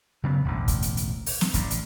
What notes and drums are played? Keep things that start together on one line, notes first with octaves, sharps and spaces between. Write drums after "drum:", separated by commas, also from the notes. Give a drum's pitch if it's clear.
C#3 F#3 B3
E1 A1 D2 D3
drum: kick, hi-hat
drum: hi-hat
drum: hi-hat
drum: open hi-hat
drum: snare
A1 D3, drum: kick, hi-hat
drum: hi-hat